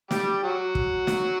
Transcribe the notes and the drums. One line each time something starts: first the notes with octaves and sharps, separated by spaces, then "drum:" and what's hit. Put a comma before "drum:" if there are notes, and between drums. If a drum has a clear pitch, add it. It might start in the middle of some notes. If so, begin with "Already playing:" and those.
G3 G4, drum: snare
F#3 F#4
drum: kick
drum: snare